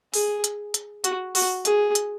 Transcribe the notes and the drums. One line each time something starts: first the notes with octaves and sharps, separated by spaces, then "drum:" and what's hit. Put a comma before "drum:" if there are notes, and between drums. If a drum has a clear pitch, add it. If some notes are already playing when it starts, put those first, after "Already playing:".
G#4, drum: open hi-hat
drum: hi-hat
drum: hi-hat
F#4, drum: hi-hat
F#4, drum: open hi-hat
G#4, drum: hi-hat
drum: hi-hat